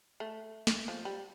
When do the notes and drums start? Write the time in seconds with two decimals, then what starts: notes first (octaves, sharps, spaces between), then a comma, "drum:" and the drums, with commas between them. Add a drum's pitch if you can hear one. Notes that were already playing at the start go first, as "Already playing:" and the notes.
0.20 A3
0.67 drum: snare
0.88 F3
1.05 G3